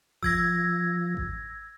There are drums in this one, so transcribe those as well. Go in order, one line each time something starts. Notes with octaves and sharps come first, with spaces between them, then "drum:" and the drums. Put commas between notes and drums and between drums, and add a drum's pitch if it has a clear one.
F3 E6 G#6 A#6, drum: kick A1
drum: kick A1